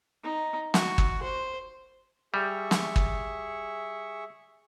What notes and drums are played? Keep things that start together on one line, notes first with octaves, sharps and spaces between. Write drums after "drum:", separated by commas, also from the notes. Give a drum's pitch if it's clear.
D#4
F#4, drum: snare
drum: kick
C5
G3 G#4 E5 C#6
drum: snare
drum: kick